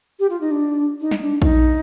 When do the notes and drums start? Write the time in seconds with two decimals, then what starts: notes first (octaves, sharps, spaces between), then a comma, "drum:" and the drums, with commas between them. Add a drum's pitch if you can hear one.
0.19 G4
0.30 F4
0.41 D#4
0.51 D4
1.01 D#4
1.11 drum: snare
1.22 D4
1.42 D#4, drum: kick A#1